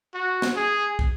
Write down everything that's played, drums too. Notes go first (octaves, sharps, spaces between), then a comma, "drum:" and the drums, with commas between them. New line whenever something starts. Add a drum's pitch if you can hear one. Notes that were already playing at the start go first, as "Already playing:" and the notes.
F#4
drum: snare
G#4
drum: kick